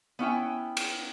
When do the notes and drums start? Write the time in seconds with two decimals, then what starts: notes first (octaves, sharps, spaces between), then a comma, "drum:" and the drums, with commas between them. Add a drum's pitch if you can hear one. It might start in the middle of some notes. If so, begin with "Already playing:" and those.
0.19 B3 C#4 E4 G5
0.77 drum: cymbal